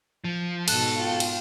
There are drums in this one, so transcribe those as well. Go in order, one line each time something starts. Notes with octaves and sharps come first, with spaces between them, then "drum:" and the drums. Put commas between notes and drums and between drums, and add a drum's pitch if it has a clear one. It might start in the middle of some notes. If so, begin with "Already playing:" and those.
F3
G#2 B2 A4 A5 F#6, drum: cymbal
F4 G5
drum: cymbal